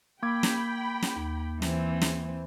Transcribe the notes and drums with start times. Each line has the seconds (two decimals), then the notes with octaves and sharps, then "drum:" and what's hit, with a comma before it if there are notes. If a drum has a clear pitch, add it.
0.23 A#3 G5 B5 D6 G#6
0.43 drum: snare
1.03 drum: snare
1.16 D#2
1.62 E3 C4, drum: snare
2.01 drum: snare